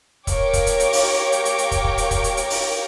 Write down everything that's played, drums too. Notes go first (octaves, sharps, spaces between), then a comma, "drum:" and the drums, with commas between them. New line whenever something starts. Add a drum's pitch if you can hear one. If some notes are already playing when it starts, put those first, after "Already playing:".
G4 A#4 C#5 F5 G5 D6, drum: kick, hi-hat
drum: kick, hi-hat
drum: hi-hat
drum: hi-hat
drum: open hi-hat
drum: hi-hat
drum: hi-hat
drum: hi-hat
drum: kick, hi-hat
drum: kick
drum: hi-hat
drum: kick, hi-hat
drum: hi-hat
drum: hi-hat
drum: open hi-hat